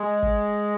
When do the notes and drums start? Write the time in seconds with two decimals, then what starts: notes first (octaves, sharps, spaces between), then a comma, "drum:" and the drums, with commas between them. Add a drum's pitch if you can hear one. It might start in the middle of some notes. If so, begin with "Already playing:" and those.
Already playing: G#3
0.23 drum: kick